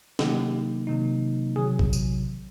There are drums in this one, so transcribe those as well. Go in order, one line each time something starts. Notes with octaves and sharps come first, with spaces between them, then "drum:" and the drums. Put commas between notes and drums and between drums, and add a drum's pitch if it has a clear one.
C3 D#3 F#3 A#3 D#4 G4, drum: snare
C3 D#3 F#3 A#3 D#4
C3 D#3 F#3 G#4
drum: kick A1
drum: tambourine